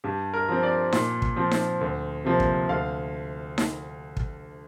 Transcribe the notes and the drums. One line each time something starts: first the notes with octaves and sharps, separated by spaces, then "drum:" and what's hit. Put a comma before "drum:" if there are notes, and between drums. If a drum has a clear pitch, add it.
G2 G4
A#4
F3 C4
D5
A#2, drum: snare D#4
drum: kick
F3 C4
drum: snare D#4
D2
C3 F3 A#3
drum: kick
D2 F5
drum: snare D#4
drum: kick